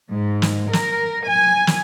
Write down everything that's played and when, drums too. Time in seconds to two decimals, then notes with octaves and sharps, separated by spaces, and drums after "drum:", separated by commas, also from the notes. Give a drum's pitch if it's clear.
0.11 G#2
0.42 drum: snare
0.73 A#4, drum: snare
1.28 G#5
1.67 drum: snare